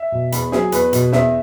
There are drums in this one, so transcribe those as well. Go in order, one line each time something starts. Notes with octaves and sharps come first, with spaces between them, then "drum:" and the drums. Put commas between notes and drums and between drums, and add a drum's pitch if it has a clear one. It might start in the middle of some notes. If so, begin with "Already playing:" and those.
Already playing: E5
B2
E2 B5, drum: hi-hat
F#3 G#4, drum: snare
E2 B4, drum: hi-hat
B2, drum: hi-hat
E2 E5, drum: snare